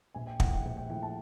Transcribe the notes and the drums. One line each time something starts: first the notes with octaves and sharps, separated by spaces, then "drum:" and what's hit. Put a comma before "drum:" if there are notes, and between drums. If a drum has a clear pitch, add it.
A#1 G#5
G5
A2 F3 F#5, drum: kick
G5
A#1 G5
G5
A2 F3 G5
A5